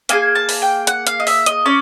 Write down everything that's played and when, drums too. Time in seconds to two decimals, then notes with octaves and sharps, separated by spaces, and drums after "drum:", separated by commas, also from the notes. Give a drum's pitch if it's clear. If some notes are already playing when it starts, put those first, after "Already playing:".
0.09 A#3 D#4 G#4 G#5, drum: hi-hat
0.35 A5
0.49 drum: open hi-hat
0.62 G5
0.87 F#5, drum: hi-hat
1.07 F5, drum: hi-hat
1.20 D#5
1.27 E5, drum: open hi-hat
1.46 D#5, drum: hi-hat
1.66 C#4 D5